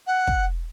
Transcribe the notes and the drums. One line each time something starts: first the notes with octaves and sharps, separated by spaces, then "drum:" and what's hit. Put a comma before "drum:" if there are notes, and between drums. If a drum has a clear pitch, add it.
F#5
drum: kick